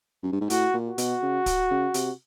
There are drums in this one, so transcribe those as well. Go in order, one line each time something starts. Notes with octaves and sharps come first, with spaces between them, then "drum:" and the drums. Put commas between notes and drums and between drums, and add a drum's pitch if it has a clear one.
F#2
G2
G#2
A2 F#4, drum: hi-hat
A#2
F#4
B2, drum: hi-hat
C#3
drum: kick, hi-hat
C#3
C3, drum: hi-hat